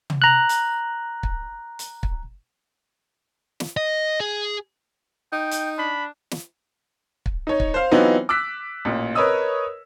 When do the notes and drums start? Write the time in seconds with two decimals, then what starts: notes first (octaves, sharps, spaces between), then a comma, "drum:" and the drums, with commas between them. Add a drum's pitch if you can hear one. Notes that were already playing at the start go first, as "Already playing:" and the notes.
0.10 drum: tom
0.22 A#5 F#6
0.49 drum: hi-hat
1.23 drum: kick
1.79 drum: hi-hat
2.03 drum: kick
3.60 drum: snare
3.77 D#5
4.20 G#4
5.33 D#4 G5
5.51 drum: hi-hat
5.78 D4 B5
6.31 drum: snare
7.26 drum: kick
7.47 D#4 C#5
7.60 drum: kick
7.74 C5 F5
7.91 E3 F#3 B3 C4 D#4 F4
8.29 D6 E6 F#6 B6
8.85 A1 A#2
9.15 A#4 B4 C#5 D#5 D#6 E6